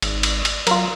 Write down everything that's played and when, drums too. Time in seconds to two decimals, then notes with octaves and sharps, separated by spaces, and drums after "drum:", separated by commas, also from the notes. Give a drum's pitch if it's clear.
0.02 G#1, drum: cymbal
0.23 drum: cymbal
0.45 drum: cymbal
0.67 F#3 F4 A#4, drum: cymbal